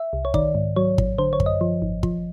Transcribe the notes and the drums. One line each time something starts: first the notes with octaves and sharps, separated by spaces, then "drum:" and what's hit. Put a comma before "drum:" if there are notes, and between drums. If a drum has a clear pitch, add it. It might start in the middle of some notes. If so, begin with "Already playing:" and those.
Already playing: E5
C2
C#5
D#3 D5, drum: kick
G#2
F#3 C#5
A1, drum: kick
D3 C5
C#5
F#2, drum: kick
D#5
F3
G#1
F3, drum: kick